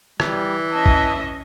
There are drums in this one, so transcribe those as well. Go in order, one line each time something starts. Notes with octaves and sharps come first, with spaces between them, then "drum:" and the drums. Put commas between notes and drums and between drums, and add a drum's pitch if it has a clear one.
E3 G3, drum: rim click
C#4 D#5 E5 A5
drum: kick